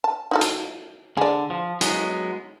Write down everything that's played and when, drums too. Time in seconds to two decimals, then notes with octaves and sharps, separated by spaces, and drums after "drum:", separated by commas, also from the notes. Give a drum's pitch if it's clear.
0.04 A5
0.31 D#4 F#4 A4
0.41 drum: hi-hat
1.17 D3 G#4 D5
1.50 F3
1.81 F#3 G#3 B3, drum: hi-hat